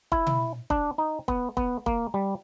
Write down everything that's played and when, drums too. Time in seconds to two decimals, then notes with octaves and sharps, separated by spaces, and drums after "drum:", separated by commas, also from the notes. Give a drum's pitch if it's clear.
0.12 E4, drum: kick
0.27 drum: tom B2
0.70 D4, drum: kick
0.98 D#4
1.28 B3, drum: kick
1.57 B3, drum: kick
1.86 A#3, drum: kick
2.14 G3